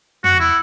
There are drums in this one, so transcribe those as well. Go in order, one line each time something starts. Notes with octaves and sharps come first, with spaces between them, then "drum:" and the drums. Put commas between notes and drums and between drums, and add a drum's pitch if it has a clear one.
F#4, drum: tom
E4